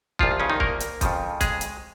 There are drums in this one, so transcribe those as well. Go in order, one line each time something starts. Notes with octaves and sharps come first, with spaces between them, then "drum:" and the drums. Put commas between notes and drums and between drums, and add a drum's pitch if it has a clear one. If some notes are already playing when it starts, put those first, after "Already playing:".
C2 A#2 F3 F4, drum: kick
C#3 C#4
D#3 D#4
A#3 A#4, drum: kick
drum: hi-hat
F2 C#3 F3, drum: kick, hi-hat
G#3 G#4, drum: kick, hi-hat
drum: hi-hat